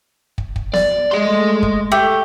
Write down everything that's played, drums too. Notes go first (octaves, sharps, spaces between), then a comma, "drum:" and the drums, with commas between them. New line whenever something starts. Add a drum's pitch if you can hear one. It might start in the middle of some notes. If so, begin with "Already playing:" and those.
drum: kick
drum: kick
D5, drum: snare B3
G#3 A3 D#5 C6
drum: kick
A3 G4